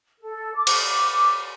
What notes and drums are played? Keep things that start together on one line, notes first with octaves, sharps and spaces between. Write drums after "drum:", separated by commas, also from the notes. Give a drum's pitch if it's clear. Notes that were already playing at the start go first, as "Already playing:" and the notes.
A4
D6
drum: cymbal